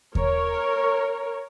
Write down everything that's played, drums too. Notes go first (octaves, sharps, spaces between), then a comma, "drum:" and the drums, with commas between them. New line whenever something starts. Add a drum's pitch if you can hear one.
A#4 C#5, drum: kick D#2